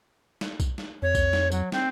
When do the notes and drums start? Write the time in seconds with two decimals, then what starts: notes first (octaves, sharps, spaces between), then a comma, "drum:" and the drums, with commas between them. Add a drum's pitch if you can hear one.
0.41 drum: snare
0.60 drum: kick B1, tambourine
0.78 drum: snare
1.02 F2 C#5
1.15 drum: kick B1, tambourine
1.33 drum: snare
1.52 F#3, drum: tambourine
1.72 C4, drum: snare